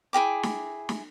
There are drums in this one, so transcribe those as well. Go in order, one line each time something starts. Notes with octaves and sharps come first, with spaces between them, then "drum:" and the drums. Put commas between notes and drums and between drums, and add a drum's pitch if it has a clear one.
E4 G#4 G5 D6
drum: snare
drum: snare